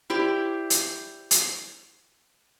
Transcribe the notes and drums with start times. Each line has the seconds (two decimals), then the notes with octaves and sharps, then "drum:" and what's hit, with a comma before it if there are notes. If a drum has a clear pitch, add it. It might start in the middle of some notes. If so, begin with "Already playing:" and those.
0.10 E4 G4 C5 D5
0.70 drum: hi-hat
1.31 drum: hi-hat